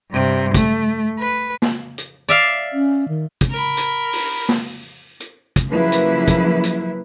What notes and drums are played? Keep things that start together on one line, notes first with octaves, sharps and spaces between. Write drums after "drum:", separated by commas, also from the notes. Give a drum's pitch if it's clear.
G2 C3
A3, drum: kick, hi-hat
B4
drum: snare
drum: hi-hat
D5 E5 F5
C#4
D#3
drum: kick, hi-hat
A#4 B5
drum: hi-hat
drum: open hi-hat
drum: snare
drum: hi-hat
drum: kick, hi-hat
C#3 F3 F#3 A#3 E4 B4
drum: hi-hat
drum: kick, hi-hat
drum: hi-hat